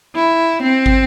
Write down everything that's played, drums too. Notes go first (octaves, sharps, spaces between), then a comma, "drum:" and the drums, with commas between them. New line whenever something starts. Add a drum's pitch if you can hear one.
E4
C4
drum: kick